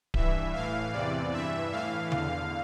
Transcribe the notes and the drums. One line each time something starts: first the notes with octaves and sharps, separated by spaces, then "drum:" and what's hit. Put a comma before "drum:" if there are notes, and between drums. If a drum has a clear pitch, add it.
G2 E3 E5, drum: kick D1
A2 E3 F5
E2 C3 E3 D5
G2 E3 E5
A2 E3 F5
E2 D3, drum: tom D3